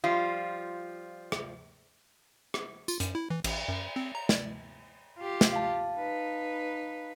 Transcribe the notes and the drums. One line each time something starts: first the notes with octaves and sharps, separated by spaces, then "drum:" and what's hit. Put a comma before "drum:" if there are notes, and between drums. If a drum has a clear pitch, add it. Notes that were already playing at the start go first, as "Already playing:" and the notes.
F3 G3 F4
drum: rim click
drum: rim click
F4, drum: tambourine
F#2, drum: hi-hat
E4
E3
A1, drum: cymbal
F#2
C4
A#5
D5, drum: snare
F4 G4
drum: snare
F5 A5
D#4 B4